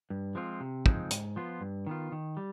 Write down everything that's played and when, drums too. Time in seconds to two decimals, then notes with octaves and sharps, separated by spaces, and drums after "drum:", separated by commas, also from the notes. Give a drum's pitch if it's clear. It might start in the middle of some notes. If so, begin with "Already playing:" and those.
0.10 G2
0.35 F3 G#3 C4 F4
0.60 C3
0.86 F3 G#3 C4 D#4, drum: kick
1.11 G#2, drum: hi-hat
1.36 F3 B3 F4
1.61 G2
1.87 D#3 B3 F4
2.12 D#3
2.37 G3